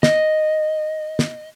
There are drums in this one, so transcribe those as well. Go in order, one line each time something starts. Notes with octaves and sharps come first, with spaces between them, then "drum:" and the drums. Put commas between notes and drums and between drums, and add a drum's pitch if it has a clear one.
D#5, drum: snare
drum: snare